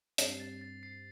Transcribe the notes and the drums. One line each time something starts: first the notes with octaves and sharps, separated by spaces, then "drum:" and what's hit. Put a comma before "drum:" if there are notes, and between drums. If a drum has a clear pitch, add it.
G2 G3 C4 C7, drum: hi-hat
A6
A6
C7